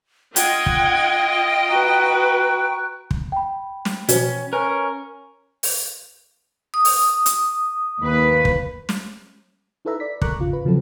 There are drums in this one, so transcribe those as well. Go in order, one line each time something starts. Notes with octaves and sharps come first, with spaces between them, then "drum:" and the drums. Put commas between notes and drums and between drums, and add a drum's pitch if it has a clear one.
F4 D#5 F#5 G5 G#6, drum: hi-hat
drum: kick
F#4 B4 A#5 C#6 F#6
drum: kick
G5 B5
drum: snare
B2 E3 F3 C#4, drum: hi-hat
C#4 A#4 B4
drum: open hi-hat
D#6
drum: open hi-hat
drum: hi-hat
D#2 B4
drum: kick
drum: snare
D#4 E4 A4 B4 E5 A#5
D5 B6
A4 A#4 A#5 C#6 D6 F#6, drum: kick
G#1 E2 C#3 F4
B4
C#3 F3 F#3 C4 A4